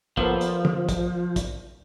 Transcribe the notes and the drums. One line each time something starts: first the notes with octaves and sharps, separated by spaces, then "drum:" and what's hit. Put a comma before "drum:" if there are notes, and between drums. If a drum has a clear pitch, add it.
F3 A#3 B3 A4, drum: kick
drum: hi-hat
drum: tom
drum: kick, hi-hat
drum: kick, hi-hat